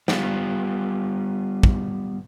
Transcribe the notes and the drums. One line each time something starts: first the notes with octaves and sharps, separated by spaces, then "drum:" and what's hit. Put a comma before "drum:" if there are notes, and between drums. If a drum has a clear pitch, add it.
G3 B3 F4, drum: snare
drum: kick